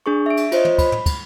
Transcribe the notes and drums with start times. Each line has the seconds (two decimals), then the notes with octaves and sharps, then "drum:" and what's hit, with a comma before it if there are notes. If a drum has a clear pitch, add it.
0.06 D4 G#4 C#6
0.26 E5 D7
0.37 drum: cymbal
0.52 F4 C5 C#5 D#5, drum: cymbal
0.65 drum: tom
0.78 B5, drum: kick, cymbal
0.92 drum: tom
1.06 drum: kick, cymbal